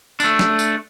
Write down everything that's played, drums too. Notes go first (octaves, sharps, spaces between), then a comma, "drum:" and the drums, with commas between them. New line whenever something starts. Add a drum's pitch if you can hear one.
A3 D4, drum: tambourine
drum: snare
drum: tambourine